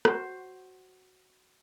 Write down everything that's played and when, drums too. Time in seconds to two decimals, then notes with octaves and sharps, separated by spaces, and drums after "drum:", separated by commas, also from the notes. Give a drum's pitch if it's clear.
0.05 F#4 C5, drum: rim click